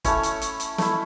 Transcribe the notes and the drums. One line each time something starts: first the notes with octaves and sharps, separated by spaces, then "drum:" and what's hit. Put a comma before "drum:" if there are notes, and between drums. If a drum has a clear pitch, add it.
A3 C#4 E4 C#5, drum: kick, hi-hat
drum: hi-hat
drum: hi-hat
drum: hi-hat
A3 E4, drum: snare